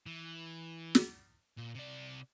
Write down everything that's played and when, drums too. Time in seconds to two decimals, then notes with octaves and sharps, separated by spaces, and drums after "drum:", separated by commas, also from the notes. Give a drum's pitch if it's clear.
0.06 E3
0.95 drum: snare
1.58 A#2
1.75 C3 D5